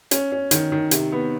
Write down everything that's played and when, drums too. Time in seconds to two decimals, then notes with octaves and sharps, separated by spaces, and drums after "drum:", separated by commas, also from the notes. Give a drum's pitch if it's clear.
0.11 C#4, drum: hi-hat
0.32 C#4
0.51 D#3, drum: hi-hat
0.72 D#3
0.91 C3, drum: hi-hat
1.12 B3